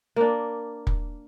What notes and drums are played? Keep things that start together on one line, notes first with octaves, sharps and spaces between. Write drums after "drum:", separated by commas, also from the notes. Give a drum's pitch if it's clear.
A#3 D4
drum: kick